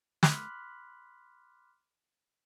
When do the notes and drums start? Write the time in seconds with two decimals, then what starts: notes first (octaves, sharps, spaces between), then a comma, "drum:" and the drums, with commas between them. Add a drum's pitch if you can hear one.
0.23 B5 C6 D6 F6 F#6 B6, drum: snare